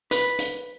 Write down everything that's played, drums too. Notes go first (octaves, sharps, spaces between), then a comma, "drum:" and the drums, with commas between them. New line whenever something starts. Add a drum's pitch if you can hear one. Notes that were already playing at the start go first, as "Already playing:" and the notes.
B4, drum: hi-hat
drum: hi-hat